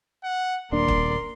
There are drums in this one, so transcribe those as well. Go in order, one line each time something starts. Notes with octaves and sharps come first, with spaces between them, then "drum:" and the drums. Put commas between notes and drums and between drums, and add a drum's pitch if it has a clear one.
F#5
D#1 A#3 D4 A#4 D5 C6
drum: kick